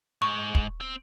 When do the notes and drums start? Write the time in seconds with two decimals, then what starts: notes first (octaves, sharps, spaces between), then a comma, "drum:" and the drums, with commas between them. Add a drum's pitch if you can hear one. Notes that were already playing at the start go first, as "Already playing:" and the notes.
0.22 G#2 C#6
0.55 drum: kick
0.81 C4